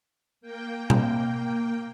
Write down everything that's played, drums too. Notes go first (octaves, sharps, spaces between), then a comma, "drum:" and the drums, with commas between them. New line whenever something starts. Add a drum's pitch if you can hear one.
A#3 G5
drum: tom B2